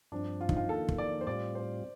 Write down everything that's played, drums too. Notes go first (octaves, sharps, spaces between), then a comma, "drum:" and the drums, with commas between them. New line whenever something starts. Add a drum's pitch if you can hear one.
G2 F3 C4 D4
F4
D#4, drum: kick
F4
F2 D#3 A#3 A4
drum: kick
D5
C5
A2 G3 C4 F4 D5
C5